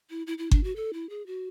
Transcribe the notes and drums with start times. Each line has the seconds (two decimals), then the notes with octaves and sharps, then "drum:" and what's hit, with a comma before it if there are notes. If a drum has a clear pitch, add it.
0.10 E4
0.27 E4
0.38 E4
0.51 D4, drum: kick G1
0.64 F#4
0.76 A4
0.94 E4
1.10 G#4
1.26 F#4